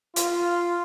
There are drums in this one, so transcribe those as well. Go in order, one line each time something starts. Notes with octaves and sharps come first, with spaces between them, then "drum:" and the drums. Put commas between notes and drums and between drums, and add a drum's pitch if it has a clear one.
F4, drum: hi-hat